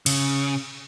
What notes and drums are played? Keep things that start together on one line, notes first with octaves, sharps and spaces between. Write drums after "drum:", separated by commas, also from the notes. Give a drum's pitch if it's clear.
C#3, drum: cymbal